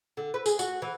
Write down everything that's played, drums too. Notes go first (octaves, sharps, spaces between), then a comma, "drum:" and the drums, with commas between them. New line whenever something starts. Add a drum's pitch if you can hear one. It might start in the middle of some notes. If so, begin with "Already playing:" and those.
D3
B4
G#4, drum: tambourine
F#4, drum: tambourine
E3